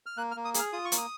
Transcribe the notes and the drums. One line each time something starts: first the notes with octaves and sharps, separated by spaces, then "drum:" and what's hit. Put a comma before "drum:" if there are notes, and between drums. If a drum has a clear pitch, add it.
F6
A#3 F#6
F6
A#3
D#6
G#4, drum: hi-hat
F6
F4 D#6
C#6
A#3, drum: hi-hat
D#6